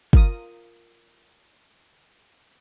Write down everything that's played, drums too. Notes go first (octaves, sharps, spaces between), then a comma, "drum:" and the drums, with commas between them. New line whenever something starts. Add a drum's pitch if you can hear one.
F4 A#4 D#6, drum: kick